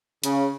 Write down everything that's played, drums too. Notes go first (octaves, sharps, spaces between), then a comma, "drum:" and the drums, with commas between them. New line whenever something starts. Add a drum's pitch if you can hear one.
C#3, drum: hi-hat